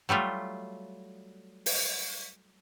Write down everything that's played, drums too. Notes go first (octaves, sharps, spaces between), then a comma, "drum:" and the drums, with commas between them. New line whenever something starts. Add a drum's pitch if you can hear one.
F#3 G3 A3 F4
drum: open hi-hat